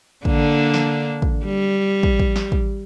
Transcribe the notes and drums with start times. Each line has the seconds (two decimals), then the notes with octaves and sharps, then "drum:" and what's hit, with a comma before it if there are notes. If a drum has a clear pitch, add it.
0.25 D3 A#3 D4, drum: kick
0.74 drum: snare
1.22 drum: kick
1.45 G3
2.03 drum: kick
2.19 drum: kick
2.36 drum: snare
2.52 drum: kick